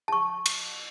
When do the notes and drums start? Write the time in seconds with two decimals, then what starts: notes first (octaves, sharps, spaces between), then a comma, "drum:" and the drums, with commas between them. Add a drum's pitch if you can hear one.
0.08 A5 C#6
0.46 drum: cymbal